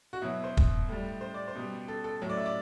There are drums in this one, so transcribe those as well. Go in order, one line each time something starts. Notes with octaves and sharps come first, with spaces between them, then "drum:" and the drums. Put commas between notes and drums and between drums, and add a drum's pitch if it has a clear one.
F#4
B2 F#3 E4
C5
drum: kick
A2 G3
C5
D5
C5
B2 G3
A4
A4
A2 F#3
D5
E5
D5